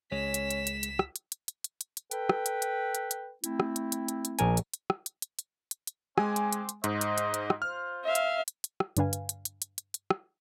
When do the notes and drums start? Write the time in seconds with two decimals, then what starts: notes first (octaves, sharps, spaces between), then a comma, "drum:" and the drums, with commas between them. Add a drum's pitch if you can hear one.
0.12 C#2 G#3 C#4 B6 E7
0.34 drum: hi-hat
0.50 drum: hi-hat
0.67 drum: hi-hat
0.83 drum: hi-hat
0.99 drum: rim click
1.16 drum: hi-hat
1.32 drum: hi-hat
1.48 drum: hi-hat
1.64 drum: hi-hat
1.81 drum: hi-hat
1.97 drum: hi-hat
2.11 A4 B4 G5, drum: hi-hat
2.29 drum: rim click
2.46 drum: hi-hat
2.62 drum: hi-hat
2.95 drum: hi-hat
3.11 drum: hi-hat
3.44 A3 C4 E4, drum: hi-hat
3.60 drum: rim click
3.76 drum: hi-hat
3.92 drum: hi-hat
4.08 drum: hi-hat
4.25 drum: hi-hat
4.39 A#1 A#4 G#5, drum: hi-hat
4.57 drum: hi-hat
4.74 drum: hi-hat
4.90 drum: rim click
5.06 drum: hi-hat
5.22 drum: hi-hat
5.39 drum: hi-hat
5.71 drum: hi-hat
5.87 drum: hi-hat
6.18 G#3 C4 G#5 C6 D6, drum: rim click
6.36 drum: hi-hat
6.53 drum: hi-hat
6.69 drum: hi-hat
6.84 G#2 C5 D#5, drum: hi-hat
7.01 drum: hi-hat
7.18 drum: hi-hat
7.34 drum: hi-hat
7.50 drum: rim click
7.62 F4 C5 F6
8.04 E5 F5
8.15 drum: hi-hat
8.48 drum: hi-hat
8.64 drum: hi-hat
8.80 drum: rim click
8.97 G2 D3 D4 B4 F5 G#5, drum: hi-hat
9.13 drum: hi-hat
9.29 drum: hi-hat
9.45 drum: hi-hat
9.62 drum: hi-hat
9.78 drum: hi-hat
9.94 drum: hi-hat
10.10 drum: rim click